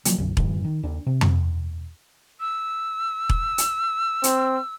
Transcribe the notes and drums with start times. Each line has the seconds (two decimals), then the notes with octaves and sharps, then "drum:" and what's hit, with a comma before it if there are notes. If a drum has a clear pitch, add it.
0.05 C#3 F3 F#3 A#3, drum: hi-hat
0.18 B1 F#2 D3
0.37 F#2 A2 D3 E3, drum: kick E1
0.64 D#3
0.83 D#2 D4
1.06 C3
1.21 drum: tom F2
2.40 E6
3.29 drum: kick E1
3.58 drum: hi-hat
4.24 C4, drum: hi-hat